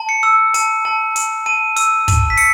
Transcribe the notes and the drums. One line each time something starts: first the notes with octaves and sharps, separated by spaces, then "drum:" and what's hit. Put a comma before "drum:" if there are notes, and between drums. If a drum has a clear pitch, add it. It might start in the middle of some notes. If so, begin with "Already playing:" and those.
Already playing: A5
C#7
E6
A5, drum: hi-hat
A5
A5, drum: hi-hat
A5 D#7
E6, drum: hi-hat
A5, drum: kick, hi-hat
B6
E6 C#7, drum: open hi-hat